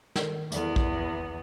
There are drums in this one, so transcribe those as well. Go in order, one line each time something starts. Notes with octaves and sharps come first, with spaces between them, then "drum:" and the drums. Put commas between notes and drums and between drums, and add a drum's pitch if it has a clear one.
D#3 A4 A#4, drum: snare
E2 B3 A4 D5, drum: hi-hat
drum: kick